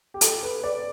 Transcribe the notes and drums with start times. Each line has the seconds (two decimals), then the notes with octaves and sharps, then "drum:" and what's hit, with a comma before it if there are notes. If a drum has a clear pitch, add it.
0.14 G4
0.21 A4, drum: hi-hat
0.43 B4
0.64 D5